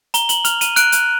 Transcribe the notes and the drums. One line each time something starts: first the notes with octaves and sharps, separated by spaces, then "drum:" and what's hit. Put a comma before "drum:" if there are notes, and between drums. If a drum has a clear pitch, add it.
A#5 G7, drum: hi-hat
F#7, drum: hi-hat
F6 F7, drum: hi-hat
D#7, drum: hi-hat
F#6 D7, drum: hi-hat
drum: hi-hat